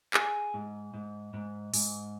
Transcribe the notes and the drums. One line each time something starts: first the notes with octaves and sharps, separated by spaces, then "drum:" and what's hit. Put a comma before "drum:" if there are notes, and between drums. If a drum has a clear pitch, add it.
G#4, drum: clap
G#2
G#2
G#2
G#2, drum: open hi-hat